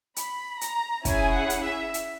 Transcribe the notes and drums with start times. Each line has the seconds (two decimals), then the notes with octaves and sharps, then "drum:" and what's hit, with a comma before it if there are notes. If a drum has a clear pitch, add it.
0.16 B5, drum: hi-hat
0.61 A#5, drum: hi-hat
1.05 C#4 E4 G#4 G#5, drum: kick, hi-hat
1.35 F#5
1.50 drum: hi-hat
1.64 E5
1.94 drum: hi-hat